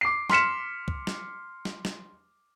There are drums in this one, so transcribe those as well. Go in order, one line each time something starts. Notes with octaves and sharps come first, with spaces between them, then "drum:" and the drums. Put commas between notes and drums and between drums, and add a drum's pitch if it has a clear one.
D6 C7
C6 F6 B6 C#7 E7, drum: snare
drum: kick
drum: snare
drum: snare
drum: snare